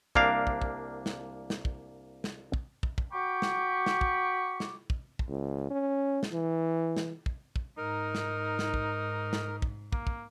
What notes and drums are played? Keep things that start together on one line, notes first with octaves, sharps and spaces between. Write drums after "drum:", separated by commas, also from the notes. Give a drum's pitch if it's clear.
C2 A#3 D4 F5, drum: kick
drum: kick
drum: kick
drum: snare
drum: snare
drum: kick
drum: snare
drum: kick
drum: kick
drum: kick
F#4 G5 B5 C#6 D6
drum: snare
drum: snare
drum: kick
drum: snare
drum: kick
drum: kick
C#2
C#4
drum: snare
E3
drum: snare
drum: kick
drum: kick
G#2 D#4 A#4
drum: snare
drum: snare
drum: kick
drum: snare
drum: kick
A#3, drum: kick
drum: kick